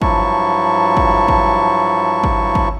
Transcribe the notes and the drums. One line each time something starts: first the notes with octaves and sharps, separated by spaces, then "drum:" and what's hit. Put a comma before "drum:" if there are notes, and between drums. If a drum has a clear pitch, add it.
G2 F3 F#3 E4 A5 C#6, drum: kick G#1
drum: kick G#1
drum: kick G#1
drum: kick G#1
drum: kick G#1